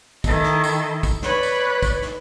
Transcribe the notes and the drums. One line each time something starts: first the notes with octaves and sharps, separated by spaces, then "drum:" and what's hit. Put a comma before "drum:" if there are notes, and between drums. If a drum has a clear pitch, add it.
D#3 E4 A4 D#5, drum: kick, tambourine
drum: snare
drum: tambourine
drum: kick, tambourine
B4 C#5 D5 B5 F#6, drum: snare
drum: tambourine
drum: kick, tambourine
drum: snare